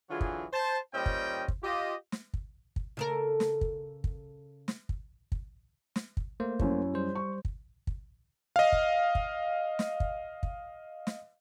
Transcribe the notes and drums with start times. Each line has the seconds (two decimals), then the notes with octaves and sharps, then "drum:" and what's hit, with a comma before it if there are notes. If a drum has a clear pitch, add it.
0.10 D3 E3 F#3 F4 G#4
0.21 drum: kick
0.53 C5 A5
0.93 A#2 G3 C#4 C5 D#5 G5
1.06 drum: kick
1.48 drum: kick
1.63 F4 G4 D#5
2.12 drum: snare
2.34 drum: kick
2.76 drum: kick
2.97 C#3 A4 A#4
3.40 drum: snare
3.61 drum: kick
4.04 drum: kick
4.68 drum: snare
4.89 drum: kick
5.32 drum: kick
5.96 drum: snare
6.17 drum: kick
6.40 A3 A#3 C5
6.59 F#2 E4 C#5, drum: kick
6.94 G3 C5
7.15 C#6
7.45 drum: kick
7.87 drum: kick
8.56 D#5 F5
8.72 drum: kick
9.15 drum: kick
9.79 drum: snare
10.00 drum: kick
10.43 drum: kick
11.07 drum: snare